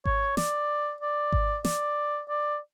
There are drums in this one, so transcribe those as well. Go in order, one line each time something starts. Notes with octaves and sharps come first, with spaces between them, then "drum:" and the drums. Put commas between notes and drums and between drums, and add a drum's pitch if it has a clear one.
C#5, drum: kick G#1
D5, drum: snare
D5
drum: kick G#1
D5, drum: snare
D5